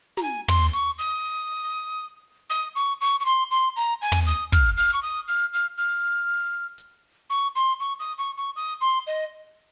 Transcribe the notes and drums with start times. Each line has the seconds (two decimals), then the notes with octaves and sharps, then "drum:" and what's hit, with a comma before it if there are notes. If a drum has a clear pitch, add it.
0.17 A#5, drum: snare
0.23 G#5
0.48 C6, drum: tom
0.73 C#6, drum: open hi-hat
0.99 D#6
2.50 D#6
2.76 C#6
3.01 C#6
3.20 C#6
3.26 C6
3.51 C6
3.76 A#5
4.02 G#5
4.12 drum: tom
4.27 D#6
4.52 F6, drum: kick
4.77 F6
4.94 C#6
5.03 D#6
5.28 F6
5.53 F6
5.78 F6
6.78 drum: hi-hat
7.30 C#6
7.56 C6
7.80 C#6
8.00 D#6
8.18 C#6
8.37 C#6
8.56 D#6
8.81 C6
9.07 D#5